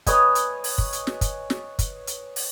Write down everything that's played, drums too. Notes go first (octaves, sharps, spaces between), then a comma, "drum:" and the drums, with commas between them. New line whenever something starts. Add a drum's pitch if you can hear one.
B4 C#5 D#5 G#5, drum: kick, hi-hat
drum: hi-hat
drum: open hi-hat
drum: kick
drum: hi-hat
drum: snare
drum: kick, hi-hat
drum: snare
drum: kick, hi-hat
drum: hi-hat
drum: open hi-hat